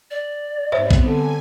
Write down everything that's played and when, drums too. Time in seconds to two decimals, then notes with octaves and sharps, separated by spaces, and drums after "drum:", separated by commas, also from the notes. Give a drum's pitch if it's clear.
0.11 D5
0.72 G#2 G3 B3 C4 C5 C#5 E5
0.91 drum: kick
1.04 D3 G#5